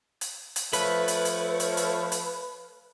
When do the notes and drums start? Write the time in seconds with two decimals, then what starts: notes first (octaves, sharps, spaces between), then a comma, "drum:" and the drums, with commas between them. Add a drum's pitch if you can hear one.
0.21 drum: hi-hat
0.56 drum: hi-hat
0.73 F3 A3 B4 C#5, drum: hi-hat
1.08 drum: hi-hat
1.25 drum: hi-hat
1.60 drum: hi-hat
1.77 drum: hi-hat
2.12 drum: hi-hat